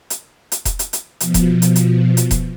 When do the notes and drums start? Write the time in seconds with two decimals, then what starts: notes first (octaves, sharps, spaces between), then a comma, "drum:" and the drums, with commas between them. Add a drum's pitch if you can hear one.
0.10 drum: hi-hat
0.52 drum: hi-hat
0.65 drum: kick E1, hi-hat
0.79 drum: hi-hat
0.93 drum: hi-hat
1.20 B2 F3, drum: hi-hat
1.34 drum: kick E1, hi-hat
1.62 drum: hi-hat
1.76 drum: hi-hat
2.17 drum: hi-hat
2.31 drum: kick E1, hi-hat